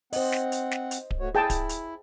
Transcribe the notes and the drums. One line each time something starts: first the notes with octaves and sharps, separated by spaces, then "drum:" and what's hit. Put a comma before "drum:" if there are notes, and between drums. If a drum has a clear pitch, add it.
C4 C5 D#5 F#5, drum: open hi-hat
drum: snare
drum: hi-hat
drum: snare
drum: hi-hat
drum: kick D1
A3 F#4 C#5
E4 G#4 G5 A5
drum: kick D1, hi-hat
drum: hi-hat